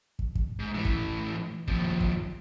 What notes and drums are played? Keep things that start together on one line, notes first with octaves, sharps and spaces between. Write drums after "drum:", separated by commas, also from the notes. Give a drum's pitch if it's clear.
drum: kick
drum: kick
G#2
A2 E3
drum: kick
D#2 F3, drum: kick
drum: kick